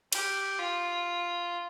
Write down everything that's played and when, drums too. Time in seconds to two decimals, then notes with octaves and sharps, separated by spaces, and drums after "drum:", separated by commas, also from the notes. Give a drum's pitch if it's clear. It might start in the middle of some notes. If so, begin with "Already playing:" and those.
0.13 G4, drum: cymbal
0.59 F4